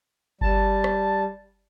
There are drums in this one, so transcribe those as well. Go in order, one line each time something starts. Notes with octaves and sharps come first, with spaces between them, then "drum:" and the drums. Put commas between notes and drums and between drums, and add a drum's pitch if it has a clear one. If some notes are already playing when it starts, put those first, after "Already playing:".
G3 A5, drum: kick G1
drum: rim click